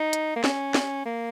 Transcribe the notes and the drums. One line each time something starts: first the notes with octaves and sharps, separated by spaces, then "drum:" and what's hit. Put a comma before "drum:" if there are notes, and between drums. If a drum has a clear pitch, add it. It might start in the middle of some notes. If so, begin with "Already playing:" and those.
Already playing: D#4
drum: hi-hat
A#3
C#4, drum: snare
drum: snare
A#3